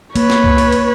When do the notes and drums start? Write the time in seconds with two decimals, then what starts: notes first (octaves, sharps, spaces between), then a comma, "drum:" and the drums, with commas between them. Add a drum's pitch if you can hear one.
0.16 A#3 B4 C#5, drum: cymbal
0.30 drum: snare
0.44 drum: kick C#2
0.58 drum: cymbal
0.72 drum: cymbal